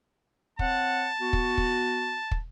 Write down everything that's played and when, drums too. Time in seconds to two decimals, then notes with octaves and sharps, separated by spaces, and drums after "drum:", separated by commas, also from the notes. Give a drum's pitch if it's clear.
0.59 C4 C#5 F#5 A5, drum: kick
1.21 B3 F#4
1.33 drum: kick
1.58 drum: kick
2.31 drum: kick